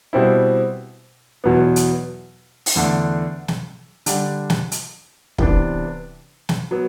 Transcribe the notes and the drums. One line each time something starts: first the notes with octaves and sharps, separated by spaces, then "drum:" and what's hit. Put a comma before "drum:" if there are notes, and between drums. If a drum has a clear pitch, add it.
B2 G3 C4 E4
E2 B2 F#3 B3
drum: hi-hat
drum: open hi-hat
E2 D3 A3 D4
drum: snare
D3 G3 D4, drum: hi-hat
drum: snare
drum: hi-hat
C3 E3 B3 D4, drum: kick
drum: snare
F#3 B3